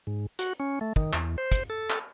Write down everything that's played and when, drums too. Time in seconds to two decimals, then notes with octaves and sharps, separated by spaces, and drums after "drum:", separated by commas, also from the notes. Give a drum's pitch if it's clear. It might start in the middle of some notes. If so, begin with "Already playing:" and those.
0.07 G#2
0.39 F#4, drum: hi-hat
0.60 C#4
0.81 A3
0.96 D#3, drum: kick
1.13 E2, drum: clap
1.38 C5
1.52 drum: kick, hi-hat
1.70 A4
1.90 drum: clap